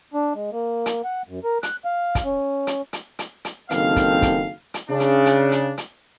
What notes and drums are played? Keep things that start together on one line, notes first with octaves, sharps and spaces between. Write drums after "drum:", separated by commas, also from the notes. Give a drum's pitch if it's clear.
D4
G#3
A#3
drum: hi-hat
F#5
F#2
A#4
F#6, drum: hi-hat
F5
drum: kick, hi-hat
C#4
drum: hi-hat
drum: hi-hat
drum: hi-hat
drum: hi-hat
F#1 D#3 C4 A4 F5, drum: hi-hat
drum: kick, hi-hat
drum: kick, hi-hat
drum: hi-hat
C#3 D4
drum: hi-hat
drum: hi-hat
drum: hi-hat
drum: hi-hat